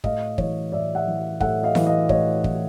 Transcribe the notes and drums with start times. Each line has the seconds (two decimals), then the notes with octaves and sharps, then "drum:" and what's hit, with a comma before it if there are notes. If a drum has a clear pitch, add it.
0.04 A2 D#5 F5, drum: kick
0.38 E3 C#5 D#5, drum: kick
0.72 A2 D5 E5
0.95 E5 F#5
1.07 E3
1.40 A2 E5 F#5, drum: kick
1.63 D#5 F5
1.75 E3, drum: snare E4
1.87 D#5 F5
2.09 A2 C#5 D#5, drum: kick
2.44 E3, drum: kick